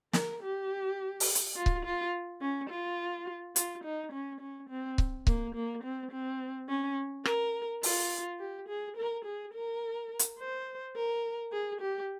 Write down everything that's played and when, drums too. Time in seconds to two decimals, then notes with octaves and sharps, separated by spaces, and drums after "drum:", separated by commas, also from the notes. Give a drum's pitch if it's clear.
0.13 A#4, drum: snare
0.43 G4
1.20 drum: open hi-hat
1.35 drum: hi-hat
1.56 F4
1.66 drum: kick C#1
1.85 F4
2.41 C#4
2.70 F4
3.56 F4, drum: hi-hat
3.84 D#4
4.12 C#4
4.40 C#4
4.70 C4
4.98 drum: kick C#1
5.27 A#3, drum: kick C#1
5.55 A#3
5.84 C4
6.12 C4
6.69 C#4
7.25 A#4, drum: rim click
7.83 F4, drum: open hi-hat
8.39 G4
8.68 G#4
8.97 A#4
9.25 G#4
9.54 A#4
10.19 drum: hi-hat
10.39 C5
10.96 A#4
11.52 G#4
11.81 G4